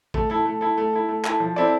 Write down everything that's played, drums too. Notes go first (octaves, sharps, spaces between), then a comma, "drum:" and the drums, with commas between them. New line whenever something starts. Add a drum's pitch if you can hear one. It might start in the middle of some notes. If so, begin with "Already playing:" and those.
A3, drum: kick
E4 A4
A3
E4 A4
A3
E4 A4
A3
E4 A4, drum: clap
F3
C4 E4 A4 D5